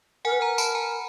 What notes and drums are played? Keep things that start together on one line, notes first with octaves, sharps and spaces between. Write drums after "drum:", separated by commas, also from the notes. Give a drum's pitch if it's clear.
A#4 F#5 G#5
B4
A#4 G#5 A#5
A5 B5, drum: tambourine
G#5 A#5